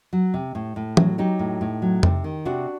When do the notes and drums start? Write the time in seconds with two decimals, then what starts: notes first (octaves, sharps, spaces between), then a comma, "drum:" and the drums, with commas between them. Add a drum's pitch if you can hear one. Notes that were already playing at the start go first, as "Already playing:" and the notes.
0.13 F#3
0.34 C3
0.55 A2
0.76 A2
0.97 F#3, drum: tom E3
1.18 F#3 D#4 G4
1.39 A2
1.61 A2
1.82 F#3
2.03 C3, drum: tom F2
2.24 D#3
2.45 C3 D4 F#4